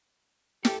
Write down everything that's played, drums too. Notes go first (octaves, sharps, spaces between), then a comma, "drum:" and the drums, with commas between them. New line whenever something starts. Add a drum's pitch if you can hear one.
G4 A4, drum: snare